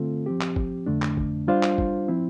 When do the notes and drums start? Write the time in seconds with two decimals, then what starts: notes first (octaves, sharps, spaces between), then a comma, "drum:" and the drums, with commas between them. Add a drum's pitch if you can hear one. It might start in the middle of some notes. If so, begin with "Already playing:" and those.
Already playing: D3 A3 C4 F4 A4
0.26 F3 C4 G4
0.41 drum: clap
0.56 drum: kick
0.86 F2 D3 A3 D4
1.02 drum: clap
1.17 drum: kick
1.48 G3 D4 F4 C5 F5
1.63 drum: clap
1.78 drum: kick
2.08 F3 C4 E4